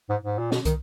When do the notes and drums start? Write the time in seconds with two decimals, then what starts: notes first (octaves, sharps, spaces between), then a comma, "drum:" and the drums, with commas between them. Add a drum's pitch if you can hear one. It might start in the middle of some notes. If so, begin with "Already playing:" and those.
0.09 G#2
0.24 G#2
0.39 A#2
0.52 B2, drum: snare C#4
0.65 D#3, drum: kick, hi-hat